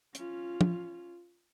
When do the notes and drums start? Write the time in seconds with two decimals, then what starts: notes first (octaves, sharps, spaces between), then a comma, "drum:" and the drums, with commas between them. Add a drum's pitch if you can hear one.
0.15 C#4 F4, drum: hi-hat
0.61 drum: tom